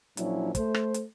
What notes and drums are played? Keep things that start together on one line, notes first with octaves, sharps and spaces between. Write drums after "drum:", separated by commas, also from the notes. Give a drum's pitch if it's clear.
A#2 F3 F#3 C#4 D4 E4, drum: hi-hat
A3 C5, drum: kick, hi-hat
drum: rim click
drum: hi-hat